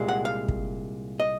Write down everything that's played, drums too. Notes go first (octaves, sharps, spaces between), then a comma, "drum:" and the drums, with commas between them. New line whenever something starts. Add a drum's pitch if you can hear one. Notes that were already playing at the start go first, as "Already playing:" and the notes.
Already playing: C2 A#2 G#3
F#5
F5
drum: kick
D#5